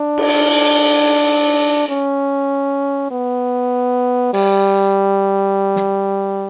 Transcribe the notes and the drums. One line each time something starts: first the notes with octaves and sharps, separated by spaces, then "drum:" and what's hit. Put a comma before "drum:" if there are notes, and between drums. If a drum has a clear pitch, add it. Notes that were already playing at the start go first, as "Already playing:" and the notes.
Already playing: D4
drum: cymbal
C#4
B3
G3, drum: open hi-hat
drum: snare